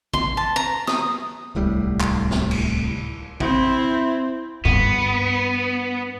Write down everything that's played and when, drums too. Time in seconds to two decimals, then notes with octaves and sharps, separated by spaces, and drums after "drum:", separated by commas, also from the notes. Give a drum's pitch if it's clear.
0.14 C6, drum: kick
0.37 A5
0.56 A#5
0.87 D#6, drum: snare
1.55 D1 C2 A2 G3
2.00 drum: clap
2.31 drum: snare
2.51 drum: cymbal
3.40 C4 E4, drum: kick
4.65 G2 B3, drum: tom C#3